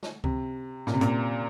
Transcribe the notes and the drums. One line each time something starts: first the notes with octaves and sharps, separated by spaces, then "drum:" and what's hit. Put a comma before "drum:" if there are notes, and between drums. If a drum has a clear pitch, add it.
drum: snare
C3, drum: kick C#2
A#2, drum: snare
C3
A#2, drum: hi-hat